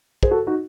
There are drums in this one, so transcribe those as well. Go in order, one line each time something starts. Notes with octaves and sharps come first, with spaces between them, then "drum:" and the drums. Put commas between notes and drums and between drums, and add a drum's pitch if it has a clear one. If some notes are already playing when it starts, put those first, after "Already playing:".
G#4 C5, drum: kick
F#4 A4
D#4 F#4